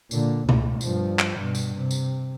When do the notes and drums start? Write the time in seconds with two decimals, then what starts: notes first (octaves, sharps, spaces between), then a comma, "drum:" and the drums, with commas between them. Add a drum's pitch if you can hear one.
0.11 A#2 D3, drum: tambourine
0.49 C#2 A2, drum: tom B2
0.81 G2 F3, drum: tambourine
1.19 drum: clap
1.36 G2 B2
1.55 drum: tambourine
1.75 C3
1.91 drum: tambourine